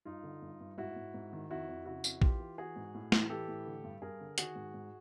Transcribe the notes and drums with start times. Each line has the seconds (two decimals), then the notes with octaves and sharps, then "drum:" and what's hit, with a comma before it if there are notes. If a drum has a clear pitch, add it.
0.05 G2 D#4 F4
0.23 D3
0.42 G2
0.60 G2
0.77 G#2 E4 F#4
0.96 G#2
1.14 G#2
1.33 D#3
1.50 F2 E4 F#4
1.69 F2
1.85 C#3 E4 F#4
2.04 F2, drum: tambourine
2.22 E3 F4 G4, drum: kick
2.40 E3
2.58 E3 F#4 G#4
2.76 G#2
2.94 A2
3.12 E3, drum: snare
3.29 E3 G4 A4
3.48 A2
3.66 D3
3.84 G2
4.02 G2 G#4 A#4
4.20 D3
4.38 D#3 F#4 G#4, drum: hi-hat
4.56 G#2
4.74 G#2